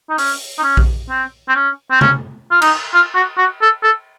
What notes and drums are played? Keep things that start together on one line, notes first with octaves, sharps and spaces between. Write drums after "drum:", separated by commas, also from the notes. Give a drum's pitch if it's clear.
D#4
C#4, drum: open hi-hat
D#4
C#4
drum: kick A#1
C4
C4
C#4
C4
C#4, drum: tom C3
F4
D#4, drum: cymbal
F4
F#4
F#4
A4
A4